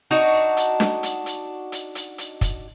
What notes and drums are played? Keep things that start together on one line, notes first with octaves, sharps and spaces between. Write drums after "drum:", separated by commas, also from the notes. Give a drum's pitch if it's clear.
D4 D#4 F#4, drum: open hi-hat
drum: open hi-hat
drum: hi-hat
drum: snare D4
drum: hi-hat
drum: hi-hat
drum: hi-hat
drum: hi-hat
drum: hi-hat
drum: kick, hi-hat